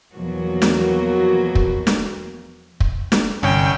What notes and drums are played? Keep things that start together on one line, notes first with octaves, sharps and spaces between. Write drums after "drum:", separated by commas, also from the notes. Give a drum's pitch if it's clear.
E2 B2 F3 F#3 A#3 F#4
drum: snare
drum: kick
drum: snare
drum: kick
drum: snare
G1 C2 C#4 G5